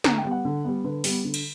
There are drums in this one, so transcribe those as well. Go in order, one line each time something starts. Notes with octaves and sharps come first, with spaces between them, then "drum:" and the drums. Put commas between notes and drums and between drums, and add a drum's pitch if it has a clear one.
D3 A#5, drum: snare
G5
G3 B3
F#5
D3
G3 B3
D3 B4
G3 B3, drum: open hi-hat
D3
drum: cymbal